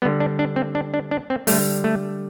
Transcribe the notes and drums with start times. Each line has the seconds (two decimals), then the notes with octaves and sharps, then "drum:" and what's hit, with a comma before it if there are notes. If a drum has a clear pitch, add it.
0.02 D3 G3 B3
0.20 D4
0.39 D4
0.56 C4
0.75 D4
0.94 D4
1.11 D4
1.30 C4
1.47 D3 G3 A3, drum: open hi-hat
1.84 A3